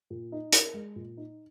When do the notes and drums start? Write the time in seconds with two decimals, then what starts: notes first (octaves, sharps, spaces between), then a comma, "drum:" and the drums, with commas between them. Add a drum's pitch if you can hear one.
0.10 A#2
0.32 D#4
0.52 A#4, drum: hi-hat
0.74 G#3
0.96 A#2
1.17 D#4